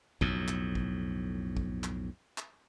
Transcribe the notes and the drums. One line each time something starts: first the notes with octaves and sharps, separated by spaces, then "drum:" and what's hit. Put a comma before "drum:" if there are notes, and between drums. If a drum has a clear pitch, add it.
B1 F2 A2, drum: kick
drum: clap
drum: kick
drum: kick
drum: clap
drum: clap